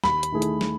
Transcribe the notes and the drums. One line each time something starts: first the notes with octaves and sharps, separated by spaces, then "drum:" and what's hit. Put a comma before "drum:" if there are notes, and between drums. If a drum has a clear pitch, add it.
D#2 B5, drum: snare
drum: hi-hat
D#3 A3 E4 G#4
drum: hi-hat
drum: snare